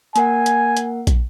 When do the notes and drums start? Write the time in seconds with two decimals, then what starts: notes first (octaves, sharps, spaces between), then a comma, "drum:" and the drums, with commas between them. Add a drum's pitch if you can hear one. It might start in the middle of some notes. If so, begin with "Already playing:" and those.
0.16 A#3 A#4 F#5 G#5, drum: hi-hat
0.46 drum: hi-hat
0.77 drum: hi-hat
1.07 drum: kick, hi-hat